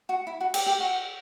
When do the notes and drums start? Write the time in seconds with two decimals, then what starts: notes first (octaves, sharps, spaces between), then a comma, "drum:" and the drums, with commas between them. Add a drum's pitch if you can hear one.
0.09 F#4
0.27 E4
0.41 F#4
0.54 G4, drum: cymbal
0.66 G4
0.80 F#4